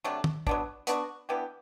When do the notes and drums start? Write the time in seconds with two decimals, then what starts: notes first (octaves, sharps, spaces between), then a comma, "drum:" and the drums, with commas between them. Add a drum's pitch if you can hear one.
0.04 C3 F#3 A3 D4
0.24 drum: tom
0.47 F#3 B3 D4, drum: kick
0.87 B3 D4 F#4, drum: hi-hat
1.29 E3 B3 D4 G4